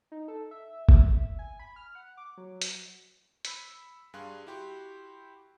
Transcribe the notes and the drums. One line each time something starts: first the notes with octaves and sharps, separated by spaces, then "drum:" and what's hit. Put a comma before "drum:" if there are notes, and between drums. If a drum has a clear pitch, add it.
D#4
A4
E5
E5, drum: kick G1
G#5
B5
F6
F#5
D6
F#3
drum: hi-hat
B5 E6 B6 C#7, drum: hi-hat
G2 G3 G#4 F5 C6 F#6
E4 F#4 G4 G5 C6